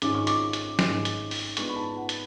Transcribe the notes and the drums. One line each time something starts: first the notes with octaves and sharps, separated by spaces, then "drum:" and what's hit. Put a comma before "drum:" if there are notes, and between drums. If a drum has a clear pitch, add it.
G#1 G#2 G#3 C#4 D6, drum: hi-hat
C#6
D6, drum: hi-hat
drum: hi-hat
G#1 G#2 G#3 C#4, drum: snare
drum: hi-hat
drum: open hi-hat
G#2 G#3 B3 D4 C#6, drum: hi-hat
B5
A5
F#5
drum: hi-hat